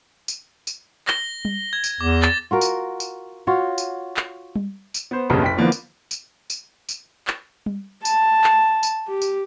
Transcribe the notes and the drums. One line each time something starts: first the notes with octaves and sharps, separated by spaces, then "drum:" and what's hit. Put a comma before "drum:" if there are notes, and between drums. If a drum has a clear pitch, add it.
drum: tambourine
drum: tambourine
A#6 G7, drum: clap
drum: tom G3
G#6
drum: tambourine
E2 D6
A6, drum: clap
F4 F#4 A#4
drum: tambourine
drum: tambourine
F4 F#4 C#5
drum: tambourine
drum: clap
drum: tom G3
drum: tambourine
B3 C5
F1 B1 G2 C#3 G3 A#3
F#1 G5 B6
D3 E3 F3 A#3 B3 D4
drum: tambourine
drum: tambourine
drum: tambourine
drum: tambourine
drum: clap
drum: tom G3
A5, drum: tambourine
drum: clap
drum: tambourine
G4
drum: tambourine